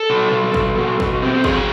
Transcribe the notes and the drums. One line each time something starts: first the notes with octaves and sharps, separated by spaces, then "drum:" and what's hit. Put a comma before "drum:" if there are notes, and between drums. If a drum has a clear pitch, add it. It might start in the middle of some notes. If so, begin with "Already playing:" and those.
Already playing: A4
B2
B2
B2, drum: kick G#1
B2
B2, drum: kick G#1
C4
B2 G#4, drum: kick G#1